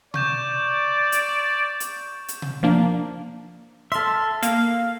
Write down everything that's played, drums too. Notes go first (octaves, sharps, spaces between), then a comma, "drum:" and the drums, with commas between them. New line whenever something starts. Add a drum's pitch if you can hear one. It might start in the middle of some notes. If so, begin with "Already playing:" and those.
D5 C#6 G6 E7, drum: tom B2
drum: hi-hat
drum: hi-hat
drum: hi-hat
drum: tom B2
F3 A#3 D4
A4 E5 C6 F6
A#3 F5, drum: hi-hat